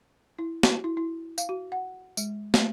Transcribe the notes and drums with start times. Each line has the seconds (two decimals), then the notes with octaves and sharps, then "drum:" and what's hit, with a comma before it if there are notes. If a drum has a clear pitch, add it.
0.39 E4
0.63 F#4, drum: snare
0.84 E4
0.97 E4
1.38 F5, drum: tambourine
1.49 F#4
1.72 F#5
2.17 G#3, drum: tambourine
2.54 A3, drum: snare